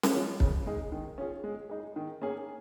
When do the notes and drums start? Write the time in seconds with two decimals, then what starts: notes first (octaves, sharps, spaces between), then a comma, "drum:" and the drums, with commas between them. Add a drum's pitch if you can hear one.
0.03 drum: snare C#4
0.14 F3 G#3 C#4 F4
0.40 C#3, drum: kick
0.66 G#3 D#4 G#4
0.92 D#3
1.18 C#4 F4 G#4
1.44 G#3
1.69 D#4 G#4
1.96 D#3
2.22 A#3 C#4 G#4